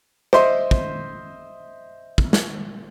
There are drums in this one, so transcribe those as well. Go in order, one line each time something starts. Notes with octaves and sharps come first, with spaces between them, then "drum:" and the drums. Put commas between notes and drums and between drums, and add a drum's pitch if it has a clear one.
C5 D#5 E5 C6, drum: rim click
drum: kick
drum: kick
drum: snare